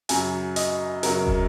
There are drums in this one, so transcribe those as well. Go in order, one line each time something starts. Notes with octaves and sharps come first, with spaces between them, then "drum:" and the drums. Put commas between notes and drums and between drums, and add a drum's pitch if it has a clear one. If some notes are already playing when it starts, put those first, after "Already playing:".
F#2 C#3 F#3 G#5, drum: hi-hat
D#5, drum: hi-hat
F#2 C#3 F#3 A#4, drum: hi-hat
drum: kick